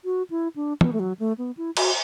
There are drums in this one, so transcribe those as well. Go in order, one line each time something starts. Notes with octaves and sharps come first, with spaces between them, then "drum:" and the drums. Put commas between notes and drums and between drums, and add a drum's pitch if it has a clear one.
F#4
E4
D4
B3, drum: tom
A3
F#3
A3
B3
E4
F#4, drum: cymbal